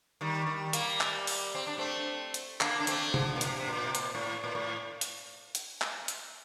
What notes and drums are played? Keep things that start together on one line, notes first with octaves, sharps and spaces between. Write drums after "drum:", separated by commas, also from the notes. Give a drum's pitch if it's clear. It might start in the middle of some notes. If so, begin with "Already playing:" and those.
D#3 G3
D#3 G3
G3 A#3, drum: hi-hat
drum: clap
drum: open hi-hat
C4
D4
A3 C4
drum: hi-hat
A#3 D4, drum: clap
D4
A3 C4, drum: hi-hat
D3 F3, drum: tom C3
A#2
C3, drum: hi-hat
C3
A#2
C3
A#2, drum: hi-hat
A2
A#2
A2
drum: hi-hat
drum: hi-hat
drum: clap
drum: hi-hat